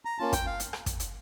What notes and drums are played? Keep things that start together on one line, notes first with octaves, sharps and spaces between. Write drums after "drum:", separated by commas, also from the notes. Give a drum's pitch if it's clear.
A#5
A#3 C#4 F4 A5
G5, drum: kick, hi-hat
F5
drum: hi-hat
drum: rim click
drum: kick, hi-hat
drum: hi-hat